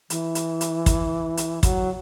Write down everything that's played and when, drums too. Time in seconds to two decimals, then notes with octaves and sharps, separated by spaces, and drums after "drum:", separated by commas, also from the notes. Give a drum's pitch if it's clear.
0.10 E3, drum: hi-hat
0.35 drum: hi-hat
0.61 drum: hi-hat
0.86 drum: kick, hi-hat
1.37 drum: hi-hat
1.63 F#3, drum: kick, hi-hat